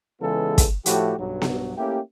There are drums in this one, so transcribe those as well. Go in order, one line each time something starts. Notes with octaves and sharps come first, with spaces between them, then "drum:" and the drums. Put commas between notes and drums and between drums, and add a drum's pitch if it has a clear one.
C#3 E3 G#3 B3 F4 A4
drum: kick, hi-hat
A2 F3 A3 F#4 G4, drum: hi-hat
B1 G2 F#3
drum: snare B3
A3 A#3 C#4 E4 G4